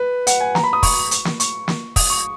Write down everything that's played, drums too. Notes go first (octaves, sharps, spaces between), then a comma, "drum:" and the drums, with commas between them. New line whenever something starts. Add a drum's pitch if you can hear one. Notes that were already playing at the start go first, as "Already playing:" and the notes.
Already playing: B4
F#5, drum: hi-hat
G#5
A#5, drum: snare
B5
D#6
C#6, drum: kick, open hi-hat
drum: hi-hat
drum: snare
C#6, drum: hi-hat
drum: snare
D#6, drum: kick, open hi-hat
C#6